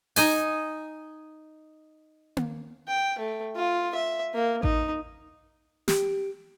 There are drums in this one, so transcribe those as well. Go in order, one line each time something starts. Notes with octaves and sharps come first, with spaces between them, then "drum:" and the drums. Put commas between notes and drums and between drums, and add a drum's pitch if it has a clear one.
D#4 D#5 G#5, drum: open hi-hat
drum: tom A#3
G5
A3
F4
E5
A#3
D#4, drum: kick A1
G4, drum: snare